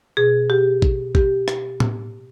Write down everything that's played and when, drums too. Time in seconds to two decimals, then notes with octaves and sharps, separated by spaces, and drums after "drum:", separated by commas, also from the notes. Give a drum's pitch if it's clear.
0.17 B2 G#4
0.50 G4
0.82 drum: kick
1.15 G4, drum: kick
1.48 drum: rim click
1.80 drum: tom A2